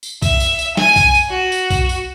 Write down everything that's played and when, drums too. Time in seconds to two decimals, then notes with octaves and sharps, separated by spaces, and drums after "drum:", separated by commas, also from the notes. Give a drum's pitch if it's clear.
0.03 drum: tambourine
0.22 E5, drum: kick C2, tambourine
0.40 drum: tambourine
0.59 drum: tambourine
0.77 G#5, drum: snare
0.96 drum: kick C2, tambourine
1.15 drum: tambourine
1.30 F#4
1.52 drum: tambourine
1.70 drum: kick C2, tambourine
1.89 drum: tambourine